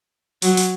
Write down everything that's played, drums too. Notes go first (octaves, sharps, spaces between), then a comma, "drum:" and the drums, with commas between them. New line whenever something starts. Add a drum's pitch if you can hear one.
F#3, drum: open hi-hat
drum: open hi-hat